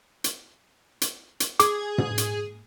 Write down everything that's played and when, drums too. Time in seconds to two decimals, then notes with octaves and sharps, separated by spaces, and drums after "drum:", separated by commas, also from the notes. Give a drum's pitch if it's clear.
0.24 drum: hi-hat
1.01 drum: hi-hat
1.40 drum: hi-hat
1.60 G#4 D6, drum: hi-hat
1.98 drum: tom
2.18 drum: hi-hat